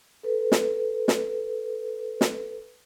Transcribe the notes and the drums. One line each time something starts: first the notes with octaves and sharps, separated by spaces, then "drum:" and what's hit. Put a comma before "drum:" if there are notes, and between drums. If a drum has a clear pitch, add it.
A4 B4
drum: snare
drum: snare
drum: snare